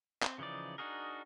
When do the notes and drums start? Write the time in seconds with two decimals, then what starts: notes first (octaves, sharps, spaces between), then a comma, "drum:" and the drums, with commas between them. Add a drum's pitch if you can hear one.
0.23 C4, drum: clap
0.38 C#3 E3 F3 D#4 D5
0.78 D4 D#4 F#4 G#4 A#4